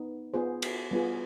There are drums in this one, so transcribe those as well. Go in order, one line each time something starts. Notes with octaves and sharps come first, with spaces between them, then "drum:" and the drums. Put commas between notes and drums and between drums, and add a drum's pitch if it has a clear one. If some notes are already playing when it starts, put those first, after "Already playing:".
Already playing: B3 D#4
B3 F4 G#4 C5
drum: cymbal
G3 B3 F4 G#4